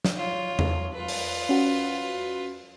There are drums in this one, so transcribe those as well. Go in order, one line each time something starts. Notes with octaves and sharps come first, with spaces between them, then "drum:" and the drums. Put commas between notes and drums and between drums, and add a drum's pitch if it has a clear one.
drum: snare
F4 C#5
drum: tom E2
F4 B4
drum: open hi-hat
C#4 F#4